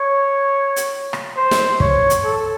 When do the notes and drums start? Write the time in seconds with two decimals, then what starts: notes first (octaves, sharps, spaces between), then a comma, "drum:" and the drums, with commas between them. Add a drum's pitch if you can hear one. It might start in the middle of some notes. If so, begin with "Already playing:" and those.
Already playing: C#5
0.76 drum: hi-hat
1.13 drum: rim click
1.36 C5
1.51 drum: snare
1.80 C#5, drum: kick
2.10 drum: hi-hat
2.24 A4